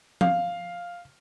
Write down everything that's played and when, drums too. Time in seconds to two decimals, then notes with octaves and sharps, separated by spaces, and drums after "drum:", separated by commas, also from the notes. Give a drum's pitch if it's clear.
0.21 F5, drum: tom F3